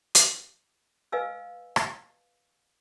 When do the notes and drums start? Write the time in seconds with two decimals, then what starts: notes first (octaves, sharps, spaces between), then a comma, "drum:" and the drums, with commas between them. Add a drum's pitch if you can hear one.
0.15 drum: hi-hat
1.12 B4 D#5 F5 G#5 E6
1.76 drum: rim click